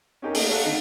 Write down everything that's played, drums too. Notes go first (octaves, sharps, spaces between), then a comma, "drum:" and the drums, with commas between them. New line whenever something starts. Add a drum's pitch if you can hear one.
C#4 D#4 G4 G#4 A#4
A3 A#3 D#5, drum: open hi-hat
A3 A4 F5 F#5
D3 D#4